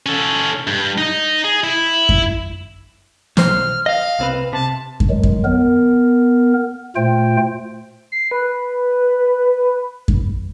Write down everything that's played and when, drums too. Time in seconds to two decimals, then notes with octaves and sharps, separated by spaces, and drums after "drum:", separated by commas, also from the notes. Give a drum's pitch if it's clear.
0.06 C#4 A4
0.67 G2
0.98 D#4 D#5
1.44 G#4
1.64 E4
2.09 drum: kick F#2
3.37 B1 C5 F6, drum: snare
3.86 D#5 F5
4.19 C2 C4 B4
4.53 C3 A5
5.00 drum: kick F#2
5.10 D#3 F#3 G#3
5.23 drum: kick F#2
5.45 B3 A#4
6.96 A#2 A3 F4 C5 G5
8.12 C7
8.31 B4
10.08 drum: kick F#2